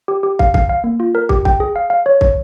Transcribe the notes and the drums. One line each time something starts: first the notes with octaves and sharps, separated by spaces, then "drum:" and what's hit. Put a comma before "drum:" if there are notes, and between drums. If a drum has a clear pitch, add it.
G4
G4
F5, drum: kick
F5, drum: kick
F5
A#3
F4
A#4
G4, drum: kick
G5, drum: kick
G#4
F5
F5
C#5
C#5, drum: kick